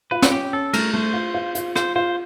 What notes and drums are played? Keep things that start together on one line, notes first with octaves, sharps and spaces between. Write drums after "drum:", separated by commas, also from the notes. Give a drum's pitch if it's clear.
F4 B4
F#4, drum: snare
C#4 G4
C#4 A4
A3 A#4, drum: cymbal
A3 C5
F4
F4
F4, drum: hi-hat
F4 C5, drum: rim click
F4 C5